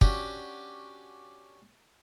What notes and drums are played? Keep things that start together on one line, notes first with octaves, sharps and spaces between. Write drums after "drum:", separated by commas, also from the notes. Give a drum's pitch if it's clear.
C#4 D4 F#4 G4, drum: kick